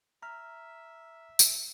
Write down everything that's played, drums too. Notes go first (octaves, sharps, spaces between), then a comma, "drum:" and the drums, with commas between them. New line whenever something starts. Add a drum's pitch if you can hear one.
E5 A#5 F6
drum: tambourine